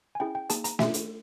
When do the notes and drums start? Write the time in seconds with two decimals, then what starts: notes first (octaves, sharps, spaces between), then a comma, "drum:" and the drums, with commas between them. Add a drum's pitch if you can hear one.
0.15 G#5
0.20 C#4 E4 G#4 G5
0.35 G5
0.50 A#3 D#4 G#4 A5, drum: hi-hat
0.64 A#5, drum: hi-hat
0.79 A3 D4 F4 G#4 E5, drum: snare
0.94 drum: hi-hat